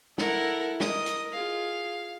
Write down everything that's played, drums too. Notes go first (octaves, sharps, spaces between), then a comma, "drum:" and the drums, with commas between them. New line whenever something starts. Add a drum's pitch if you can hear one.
E4 A4 A#4 F#5, drum: snare
A#4 D#5 D#6, drum: snare
drum: hi-hat
F4 G#4 F5